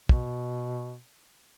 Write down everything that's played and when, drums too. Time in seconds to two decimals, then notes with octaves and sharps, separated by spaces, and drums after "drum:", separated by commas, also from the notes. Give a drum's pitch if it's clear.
0.09 B2, drum: kick